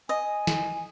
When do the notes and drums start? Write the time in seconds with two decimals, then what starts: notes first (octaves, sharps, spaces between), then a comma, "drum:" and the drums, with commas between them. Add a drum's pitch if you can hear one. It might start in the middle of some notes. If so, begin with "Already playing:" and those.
0.09 D#5 G#5
0.47 drum: snare